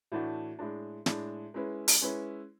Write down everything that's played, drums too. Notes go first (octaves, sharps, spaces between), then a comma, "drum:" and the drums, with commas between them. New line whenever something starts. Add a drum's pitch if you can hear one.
A2 E3 A3 D4 F#4
A2 G#3 D4
A2 G#3 D4, drum: snare
G#3 C#4 E4 B4
drum: open hi-hat
G#3 C#4 E4 B4